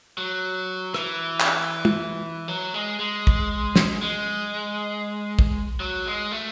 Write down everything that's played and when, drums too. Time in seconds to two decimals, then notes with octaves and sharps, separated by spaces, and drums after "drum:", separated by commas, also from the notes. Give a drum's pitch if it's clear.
0.18 F#3
0.94 E3, drum: rim click
1.40 drum: clap
1.85 drum: tom
2.48 F#3
2.74 G#3
2.99 G#3
3.27 drum: kick
3.76 drum: snare
4.02 G#3
5.39 drum: kick
5.80 F#3
6.06 G#3
6.31 A3